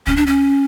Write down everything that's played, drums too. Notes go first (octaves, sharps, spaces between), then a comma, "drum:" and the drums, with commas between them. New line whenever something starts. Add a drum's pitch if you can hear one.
C#4, drum: kick C#2
D4
C#4